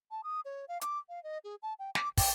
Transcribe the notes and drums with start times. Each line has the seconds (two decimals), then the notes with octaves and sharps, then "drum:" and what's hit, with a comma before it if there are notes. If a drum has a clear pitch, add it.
0.11 A5
0.24 D#6
0.45 C#5
0.68 F5
0.81 D6, drum: hi-hat
1.09 F5
1.23 D#5
1.44 G#4
1.62 A5
1.79 G5
1.95 D6, drum: snare
2.17 G5, drum: kick, open hi-hat